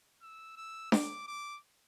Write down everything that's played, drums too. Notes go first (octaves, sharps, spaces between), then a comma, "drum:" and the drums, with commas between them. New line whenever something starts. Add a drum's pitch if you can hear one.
E6
E6
D6, drum: snare D4
D6